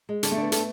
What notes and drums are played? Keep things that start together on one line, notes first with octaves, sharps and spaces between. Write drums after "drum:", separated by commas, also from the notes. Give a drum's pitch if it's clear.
G#3
D3, drum: hi-hat
A3
D4
B3
A3 A4, drum: hi-hat